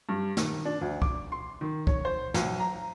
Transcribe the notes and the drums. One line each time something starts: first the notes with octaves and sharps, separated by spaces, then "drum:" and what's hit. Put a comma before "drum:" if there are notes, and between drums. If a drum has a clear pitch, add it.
G2
D#3, drum: snare
D4
D2
D6, drum: kick
C6
D#3
C#5, drum: kick
C5
B1, drum: snare
A#5